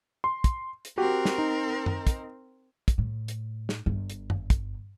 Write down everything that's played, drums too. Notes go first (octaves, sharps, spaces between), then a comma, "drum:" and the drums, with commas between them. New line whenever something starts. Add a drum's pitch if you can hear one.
C6
drum: kick, hi-hat
drum: hi-hat
C4 F#4 G4 A#4
drum: snare
D#4
drum: tom F#2
drum: kick, hi-hat
drum: kick, hi-hat
A2
drum: hi-hat
drum: snare
G1
drum: hi-hat
drum: tom F#2
drum: kick, hi-hat